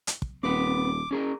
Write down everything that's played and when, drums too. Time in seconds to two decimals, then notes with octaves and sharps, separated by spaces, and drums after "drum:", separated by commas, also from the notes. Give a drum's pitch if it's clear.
0.07 drum: hi-hat
0.22 drum: kick
0.43 D#1 C4 B4 D6
1.11 C#4 G#4 A#4